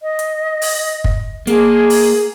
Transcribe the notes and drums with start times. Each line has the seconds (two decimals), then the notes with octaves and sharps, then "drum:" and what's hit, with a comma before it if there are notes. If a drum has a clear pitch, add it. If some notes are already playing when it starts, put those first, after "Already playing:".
0.02 D#5
0.19 drum: hi-hat
0.62 drum: open hi-hat
1.04 drum: kick
1.47 A#3 G#4, drum: hi-hat
1.90 drum: open hi-hat